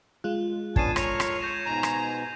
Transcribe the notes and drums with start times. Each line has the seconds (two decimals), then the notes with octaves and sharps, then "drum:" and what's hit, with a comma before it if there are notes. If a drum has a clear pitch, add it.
0.24 G#3 F4 F#6
0.76 B3 C#4 D4 A5 G#6 C7 D#7, drum: kick
0.96 A4 A#4 C#5 A#6 F7, drum: rim click
1.20 drum: rim click
1.41 C#5 G6 A#6 E7
1.65 G#2 B2 G#5 A#5
1.83 drum: rim click